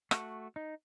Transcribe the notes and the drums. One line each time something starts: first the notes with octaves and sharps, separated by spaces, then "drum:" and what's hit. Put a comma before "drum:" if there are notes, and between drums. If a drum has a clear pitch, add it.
A3 F#4, drum: rim click
D#4